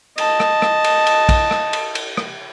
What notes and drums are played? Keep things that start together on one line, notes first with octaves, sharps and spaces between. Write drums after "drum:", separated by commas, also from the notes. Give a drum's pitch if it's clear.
D#5 A5, drum: cymbal
drum: rim click
drum: rim click
drum: cymbal
drum: cymbal
drum: kick, cymbal
drum: rim click
drum: cymbal
drum: cymbal
drum: rim click